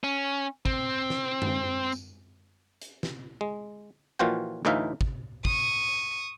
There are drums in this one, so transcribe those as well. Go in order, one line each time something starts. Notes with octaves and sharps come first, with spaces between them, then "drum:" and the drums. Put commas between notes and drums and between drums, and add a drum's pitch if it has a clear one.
C#4
C4, drum: kick
drum: snare
drum: tom
drum: tambourine
drum: hi-hat
drum: snare
G#3
A#2 E3 F3 F4 F#4 G5
D2 A2 E3 D#4 E5 F5
drum: kick
C#6 D#6, drum: kick